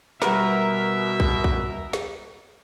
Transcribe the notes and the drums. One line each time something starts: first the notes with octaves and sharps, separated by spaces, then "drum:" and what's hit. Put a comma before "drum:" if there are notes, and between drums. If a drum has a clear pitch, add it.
B2 G3 F#4 A#4 B4 E5, drum: snare
drum: kick
drum: kick
drum: snare